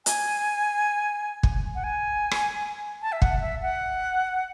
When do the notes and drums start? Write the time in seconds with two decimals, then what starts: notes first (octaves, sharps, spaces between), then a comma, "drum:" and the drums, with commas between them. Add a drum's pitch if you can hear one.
0.06 G#5, drum: hi-hat
1.43 drum: kick
1.75 F#5
1.84 G#5
2.31 drum: rim click
3.02 A5
3.12 E5
3.22 F#5, drum: kick
3.41 E5
3.62 F#5